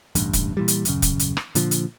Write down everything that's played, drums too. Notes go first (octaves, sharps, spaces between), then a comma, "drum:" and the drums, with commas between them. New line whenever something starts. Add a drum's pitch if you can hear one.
E1 A1 G2, drum: hi-hat
drum: kick, hi-hat
A#2 E3 G3
drum: hi-hat
D#1 F#2 C#3, drum: hi-hat
drum: kick, hi-hat
drum: hi-hat
drum: rim click
A#2 D3 F3, drum: hi-hat
drum: hi-hat